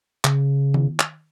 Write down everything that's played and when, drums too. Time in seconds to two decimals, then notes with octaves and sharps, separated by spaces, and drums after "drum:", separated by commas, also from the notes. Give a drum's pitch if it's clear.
0.24 C#3, drum: clap
0.74 drum: tom D#3
0.99 drum: clap